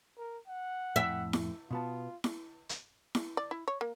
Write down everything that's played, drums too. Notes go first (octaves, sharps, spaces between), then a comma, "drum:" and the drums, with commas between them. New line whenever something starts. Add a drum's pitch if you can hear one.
A#4
F#5
F2 A2 E5 G5
drum: snare E4
B2 B3 F4 A5
drum: snare E4
drum: hi-hat
drum: snare E4
D5
E4
C#5
A#3